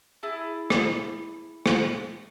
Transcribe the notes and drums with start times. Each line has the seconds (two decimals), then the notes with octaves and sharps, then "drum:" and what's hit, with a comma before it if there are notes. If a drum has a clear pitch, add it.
0.23 E4 G#4 A5
0.70 drum: rim click
1.66 drum: rim click